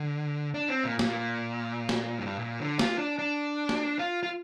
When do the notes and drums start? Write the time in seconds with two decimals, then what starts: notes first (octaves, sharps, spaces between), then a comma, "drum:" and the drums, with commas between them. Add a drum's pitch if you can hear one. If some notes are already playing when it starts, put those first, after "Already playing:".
Already playing: D3
0.54 D4
0.69 C4
0.84 A#2
0.99 A#2, drum: snare
1.89 drum: snare
2.19 G2
2.39 A#2
2.59 D3
2.79 F4, drum: snare
2.99 D4
3.19 D4
3.69 drum: snare
3.99 F4
4.23 F4